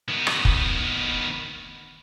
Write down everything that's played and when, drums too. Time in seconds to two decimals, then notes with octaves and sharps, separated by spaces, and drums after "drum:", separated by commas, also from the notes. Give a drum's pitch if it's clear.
0.08 D#3 B3
0.27 drum: rim click
0.45 drum: kick